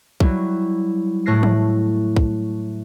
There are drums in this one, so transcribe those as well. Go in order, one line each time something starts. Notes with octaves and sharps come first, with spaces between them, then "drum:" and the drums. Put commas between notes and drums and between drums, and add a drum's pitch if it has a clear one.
F#3 G3 E4 F#4, drum: kick
A2 A3 F#6 A#6 C7
drum: tom E3
drum: kick